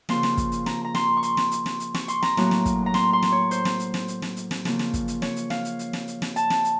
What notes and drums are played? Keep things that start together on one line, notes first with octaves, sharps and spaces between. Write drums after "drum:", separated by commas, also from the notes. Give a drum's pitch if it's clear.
C#3 F3 A#3 C6, drum: snare
drum: snare
drum: kick, hi-hat
drum: hi-hat
A#5, drum: snare
A#5
C6, drum: snare
C#6
C6, drum: hi-hat
drum: snare
drum: hi-hat
drum: snare
drum: hi-hat
C#6, drum: snare
C6, drum: hi-hat
A#5, drum: snare
A2 F#3 A#3, drum: snare
drum: snare
drum: kick, hi-hat
A#5
C6, drum: snare
C6
drum: snare
C#5
C5, drum: hi-hat
drum: snare
drum: hi-hat
drum: snare
drum: hi-hat
drum: snare
drum: hi-hat
drum: snare
C#3 F3 A#3, drum: snare
drum: snare
drum: kick, hi-hat
drum: hi-hat
C#5, drum: snare
drum: hi-hat
F5, drum: snare
drum: hi-hat
drum: hi-hat
drum: snare
drum: hi-hat
drum: snare
A5, drum: hi-hat
drum: snare
drum: hi-hat